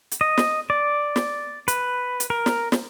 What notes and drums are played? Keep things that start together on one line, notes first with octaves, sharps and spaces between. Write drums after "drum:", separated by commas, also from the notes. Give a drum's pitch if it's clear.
drum: hi-hat
D#5
drum: snare
D5
drum: snare
B4, drum: hi-hat
drum: hi-hat
A#4
drum: snare
drum: snare